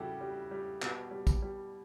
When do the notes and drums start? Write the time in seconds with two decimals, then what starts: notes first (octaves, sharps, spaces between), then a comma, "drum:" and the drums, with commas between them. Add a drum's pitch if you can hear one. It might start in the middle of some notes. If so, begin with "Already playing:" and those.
Already playing: C#3 G3 E4 F#4 G4 A4
0.21 G3
0.51 G3
0.82 B2, drum: clap
1.11 G3
1.27 drum: kick, tambourine
1.42 G3